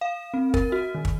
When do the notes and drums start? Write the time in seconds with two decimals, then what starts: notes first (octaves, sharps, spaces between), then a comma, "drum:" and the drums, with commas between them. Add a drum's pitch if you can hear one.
0.01 F5
0.34 C4
0.54 A#4, drum: kick
0.72 F#4
0.95 D#3
1.05 drum: kick